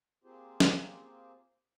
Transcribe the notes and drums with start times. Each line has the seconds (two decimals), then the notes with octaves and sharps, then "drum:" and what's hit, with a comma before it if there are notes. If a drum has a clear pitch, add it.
0.24 A#3 C4 F4 G4 G#4 C5
0.60 drum: snare